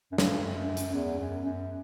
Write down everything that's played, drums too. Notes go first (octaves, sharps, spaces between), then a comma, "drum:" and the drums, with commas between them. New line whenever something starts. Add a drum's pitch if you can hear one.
F#2
G2, drum: snare
F#2
drum: hi-hat
E2
F#2
F#2